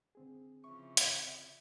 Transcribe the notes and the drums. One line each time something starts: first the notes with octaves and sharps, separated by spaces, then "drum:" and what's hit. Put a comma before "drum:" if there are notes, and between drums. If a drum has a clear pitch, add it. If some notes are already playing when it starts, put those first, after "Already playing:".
D3 C4 G#4
C#3 E3 F3 E5 C#6
drum: hi-hat